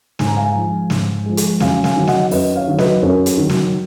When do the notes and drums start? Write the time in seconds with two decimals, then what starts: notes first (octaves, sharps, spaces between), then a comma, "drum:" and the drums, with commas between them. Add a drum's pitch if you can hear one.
0.19 G#2 G#5, drum: snare
0.28 A#5
0.37 F5 G#5
0.55 F3 G#3
0.90 G#2, drum: snare
1.26 F3 G#3
1.37 drum: hi-hat
1.60 F#2 F5 G#5, drum: snare
1.84 F5 G#5, drum: snare
1.96 D#3 F#3
2.07 D#5 F#5, drum: snare
2.31 F#2 B4 D#5, drum: open hi-hat
2.55 C#5 F5
2.68 D#3 F#3
2.78 B4 D#5, drum: snare
3.03 F#2 A#4 C#5
3.26 drum: hi-hat
3.37 D#3 F#3
3.49 drum: snare